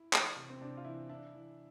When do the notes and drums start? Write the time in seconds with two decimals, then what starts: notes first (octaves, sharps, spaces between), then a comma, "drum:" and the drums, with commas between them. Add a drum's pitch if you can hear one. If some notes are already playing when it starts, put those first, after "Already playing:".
Already playing: E4
0.13 E3, drum: clap
0.36 C3
0.50 C4
0.61 C3 D4
0.77 F4
0.85 E3 E4
1.09 D4 E4
1.34 E3